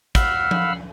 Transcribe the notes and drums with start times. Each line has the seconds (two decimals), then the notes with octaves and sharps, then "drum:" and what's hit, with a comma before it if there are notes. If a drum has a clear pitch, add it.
0.15 F5 F#5 B5 E6 F6, drum: kick, hi-hat
0.51 drum: tom F3